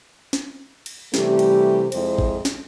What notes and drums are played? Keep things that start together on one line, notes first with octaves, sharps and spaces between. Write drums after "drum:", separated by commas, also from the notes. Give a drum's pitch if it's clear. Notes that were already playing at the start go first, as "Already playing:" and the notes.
drum: snare
drum: cymbal
C3 E3 G3 A3 G4, drum: snare
drum: cymbal
F2 G#3 E4 C5, drum: cymbal
drum: kick
drum: snare